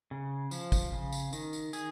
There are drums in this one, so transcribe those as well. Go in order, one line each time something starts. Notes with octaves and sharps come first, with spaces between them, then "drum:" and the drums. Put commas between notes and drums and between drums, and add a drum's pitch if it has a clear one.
C#3
F3, drum: tambourine
drum: kick, tambourine
C#3
drum: tambourine
D#3, drum: tambourine
drum: tambourine
G#4, drum: tambourine